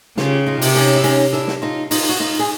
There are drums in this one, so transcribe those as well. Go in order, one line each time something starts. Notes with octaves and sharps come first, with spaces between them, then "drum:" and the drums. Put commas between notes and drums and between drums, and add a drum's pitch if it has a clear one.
C#3 F4 G4, drum: snare
D#4 F4
C3, drum: open hi-hat
C#4 D#4
E4
C#4 D#4, drum: hi-hat
D4 E4
drum: snare
D#4 F4
D#4 F4, drum: open hi-hat
F#4
D#4 F4
G#4